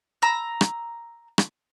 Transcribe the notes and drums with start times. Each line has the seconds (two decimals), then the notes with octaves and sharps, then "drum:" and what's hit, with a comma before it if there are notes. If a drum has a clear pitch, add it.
0.22 A#5 E6
0.61 drum: rim click
1.38 drum: rim click